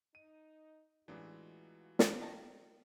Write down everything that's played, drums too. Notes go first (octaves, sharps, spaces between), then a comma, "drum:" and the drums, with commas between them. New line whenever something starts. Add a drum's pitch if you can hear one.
D#4 D#7
A1 B2 E3 G#3 D4 F4 F#4
drum: snare
D#3 A5 A#5